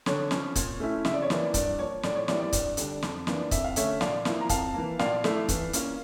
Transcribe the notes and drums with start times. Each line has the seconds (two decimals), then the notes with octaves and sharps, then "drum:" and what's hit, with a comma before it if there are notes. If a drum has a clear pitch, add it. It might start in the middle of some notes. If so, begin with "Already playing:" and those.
0.06 D3 C#5, drum: snare
0.31 F3 C#4, drum: snare
0.55 A#2, drum: kick C#1, hi-hat
0.80 A3 C#4 E4
1.05 C#3 E5, drum: snare
1.14 D5
1.22 C#5
1.30 E3 A#3 E4 D5, drum: snare
1.54 G2 D5, drum: kick C#1, hi-hat
1.79 F3 A#3 C#5
2.03 A2 D5, drum: snare
2.15 C#5
2.28 E3 G3 A#3 E4 D5, drum: snare
2.40 D5
2.53 G2 D5, drum: kick C#1, hi-hat
2.77 D3 G3 D4, drum: hi-hat
3.02 F2, drum: snare
3.27 E3 A#3 D4 F4, drum: snare
3.51 F2 E5, drum: kick C#1, hi-hat
3.64 F5
3.76 D3 A3 C#4 C#5 E5, drum: hi-hat
4.01 A#2 D5 F5, drum: snare
4.25 F3 A#3 E4, drum: snare
4.41 A#5
4.49 F2 F5 A5, drum: kick C#1, hi-hat
4.74 E3 A#3
4.99 A#2 D5 F5, drum: snare
5.24 A3 E4, drum: snare
5.49 E3, drum: kick C#1, hi-hat
5.73 A#3 C#4 F4, drum: hi-hat